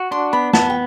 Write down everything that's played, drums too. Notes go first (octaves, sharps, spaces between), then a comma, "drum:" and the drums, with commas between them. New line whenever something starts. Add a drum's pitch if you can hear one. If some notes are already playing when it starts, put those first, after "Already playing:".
Already playing: F#4
D4 C6
B3 B5
B3 A5, drum: snare
G5